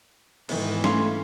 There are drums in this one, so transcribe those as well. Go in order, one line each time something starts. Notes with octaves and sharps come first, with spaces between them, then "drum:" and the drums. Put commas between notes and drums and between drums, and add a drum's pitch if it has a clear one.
G#2 D#3 E3 B3, drum: cymbal
A3 C#4 F5 C6, drum: snare